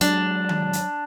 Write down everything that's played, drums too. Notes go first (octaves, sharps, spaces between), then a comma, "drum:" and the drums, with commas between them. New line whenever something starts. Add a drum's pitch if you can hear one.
F#3 G#3 D4, drum: hi-hat
drum: tom D#3
drum: hi-hat